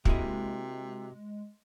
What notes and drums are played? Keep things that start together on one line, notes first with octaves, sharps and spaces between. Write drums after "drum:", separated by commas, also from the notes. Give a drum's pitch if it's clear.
C3 G#3 A#3 E4 F#4 G#4, drum: kick